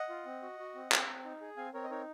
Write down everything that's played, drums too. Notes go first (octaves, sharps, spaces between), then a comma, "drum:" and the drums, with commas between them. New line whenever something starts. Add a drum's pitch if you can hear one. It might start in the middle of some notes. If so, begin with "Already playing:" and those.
Already playing: D#5 F#5
F4
C4
F#4
F#4
C4
C4, drum: clap
C4
D#4
G#4
C4 F5 G#5
C4 A#4 C#5
D#5
D#4 A#4 C#5